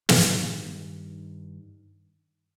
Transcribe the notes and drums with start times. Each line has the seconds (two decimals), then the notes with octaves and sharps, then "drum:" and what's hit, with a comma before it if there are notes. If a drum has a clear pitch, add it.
0.09 G2 D#3, drum: snare